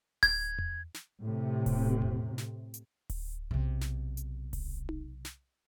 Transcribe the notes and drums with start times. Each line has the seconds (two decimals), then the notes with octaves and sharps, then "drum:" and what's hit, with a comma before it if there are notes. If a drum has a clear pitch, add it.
0.23 G#6, drum: kick D1, open hi-hat
0.59 drum: tom E2
0.94 drum: snare
1.23 A2 C3
1.66 drum: kick D1, open hi-hat
2.02 drum: tom E2
2.38 drum: snare
2.74 drum: hi-hat
3.10 drum: kick D1, open hi-hat
3.51 B1 C3
3.81 drum: snare
4.17 drum: hi-hat
4.53 drum: kick D1, open hi-hat
4.89 drum: tom D#4
5.25 drum: snare